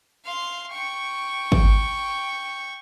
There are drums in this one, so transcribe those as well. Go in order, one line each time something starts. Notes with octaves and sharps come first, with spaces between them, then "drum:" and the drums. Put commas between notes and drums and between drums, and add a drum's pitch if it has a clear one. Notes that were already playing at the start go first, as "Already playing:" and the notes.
F5 C6
G5 C#6
drum: kick